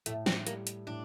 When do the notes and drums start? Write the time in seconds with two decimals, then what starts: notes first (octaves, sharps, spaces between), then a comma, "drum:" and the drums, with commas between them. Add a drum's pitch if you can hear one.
0.06 A2 A3, drum: hi-hat
0.26 C4, drum: snare
0.47 G3 A#3, drum: hi-hat
0.67 drum: hi-hat
0.87 A2 D4